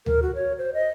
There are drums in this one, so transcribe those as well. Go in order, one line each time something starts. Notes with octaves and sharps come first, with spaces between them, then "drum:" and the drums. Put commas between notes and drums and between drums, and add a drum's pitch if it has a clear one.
A#4, drum: tom D2
F#4
C#5
C5
D#5